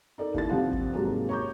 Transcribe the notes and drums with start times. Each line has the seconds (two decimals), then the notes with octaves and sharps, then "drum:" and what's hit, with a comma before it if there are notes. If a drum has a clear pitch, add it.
0.18 D#4 A4 A#4 D5
0.34 D#2 E4 A6, drum: kick G1
0.49 G2 C3 F3 C4 F4 F#5
0.73 drum: kick G1
0.93 G#2 C3 F#3 G#3 A#3
1.29 C#5 A#5 C#6 D6 G6